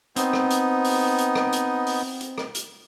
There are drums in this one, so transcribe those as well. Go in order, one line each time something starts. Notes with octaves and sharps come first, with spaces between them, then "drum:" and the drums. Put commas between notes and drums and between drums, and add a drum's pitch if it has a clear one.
B3 C4 D#4, drum: hi-hat
drum: rim click
drum: hi-hat
drum: open hi-hat
drum: hi-hat
drum: rim click
drum: hi-hat
drum: open hi-hat
drum: hi-hat
drum: rim click
drum: hi-hat